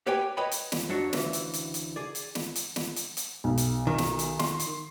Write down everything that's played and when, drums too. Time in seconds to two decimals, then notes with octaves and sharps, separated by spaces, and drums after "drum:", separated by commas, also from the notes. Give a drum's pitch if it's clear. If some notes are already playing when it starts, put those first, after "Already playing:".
0.07 G4 B4 C#5 D5 G5 G#5
0.37 B4 C#5 D#5 G5 B5
0.52 drum: hi-hat
0.72 drum: snare
0.89 F2 F#3 D4 C#5
1.13 D2 C#3 E3 E5, drum: snare
1.33 drum: hi-hat
1.54 drum: hi-hat
1.74 drum: hi-hat
1.96 G#4 D5
2.15 drum: hi-hat
2.35 drum: snare
2.56 drum: hi-hat
2.76 drum: snare
2.96 drum: hi-hat
3.17 drum: hi-hat
3.44 B1
3.58 drum: hi-hat
3.87 D#3
3.98 drum: snare
4.19 drum: hi-hat
4.39 C6, drum: snare
4.60 drum: hi-hat